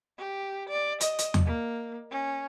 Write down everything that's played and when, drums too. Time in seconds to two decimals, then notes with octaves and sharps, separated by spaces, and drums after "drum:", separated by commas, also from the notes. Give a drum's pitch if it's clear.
0.18 G4
0.69 D5
1.01 D#5, drum: hi-hat
1.19 drum: hi-hat
1.34 drum: tom E2
1.46 A#3
2.11 C#4